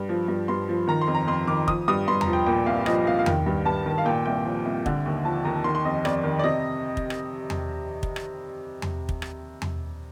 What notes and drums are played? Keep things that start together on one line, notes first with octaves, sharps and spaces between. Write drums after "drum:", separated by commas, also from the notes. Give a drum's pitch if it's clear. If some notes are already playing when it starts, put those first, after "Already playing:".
Already playing: G2
F3
G2
G2 C6
F3
D#3 A#5
C6
F2
A#5
F2 C6
D#3 D6
F3 D#6, drum: kick
G2 D#6
G2 C6
A#5, drum: tom E2
F3
G5
A#2 G5
C2 F5
F3 D#5, drum: rim click
C2 F5
F5
D#3 G5, drum: tom E2
G2
G2 A5
D#3
F5
A#2 G5
C2 G5
F3
C2
D3, drum: kick
D#2
F3 A5
D#2 A#5
D#3 C6
C6
F2 D#5
F2 D5, drum: rim click
D#3
D5
C3 D#5
drum: kick
drum: rim click
drum: tom E2
drum: kick
drum: rim click
drum: tom E2
drum: kick
drum: rim click
drum: tom E2